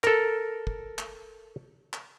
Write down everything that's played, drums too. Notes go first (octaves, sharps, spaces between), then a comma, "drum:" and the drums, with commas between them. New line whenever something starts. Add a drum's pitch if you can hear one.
A4 A#4, drum: clap
drum: kick
drum: clap
drum: clap